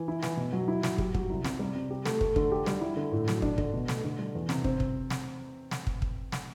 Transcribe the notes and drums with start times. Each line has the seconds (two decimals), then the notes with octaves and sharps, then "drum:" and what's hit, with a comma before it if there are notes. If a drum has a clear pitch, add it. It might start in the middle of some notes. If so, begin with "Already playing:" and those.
Already playing: E3
0.08 E4
0.23 E3, drum: snare
0.37 B2
0.53 F#3
0.68 E4
0.83 F#3, drum: snare
0.98 G4, drum: kick
1.15 F#3, drum: kick
1.30 C2
1.45 C3, drum: snare
1.59 G3
1.75 C3
1.90 G4
2.06 A3, drum: snare
2.21 A3, drum: kick
2.36 D3, drum: kick
2.52 G4
2.66 G3, drum: snare
2.81 E4
2.96 D3
3.12 A2
3.28 F#3, drum: snare
3.42 D4, drum: kick
3.58 D3, drum: kick
3.74 B2
3.88 A3, drum: snare
4.04 D3
4.19 G3
4.35 E2
4.49 C3, drum: snare
4.64 C4, drum: kick
4.80 drum: kick
5.10 drum: snare
5.71 drum: snare
5.87 drum: kick
6.02 drum: kick
6.32 drum: snare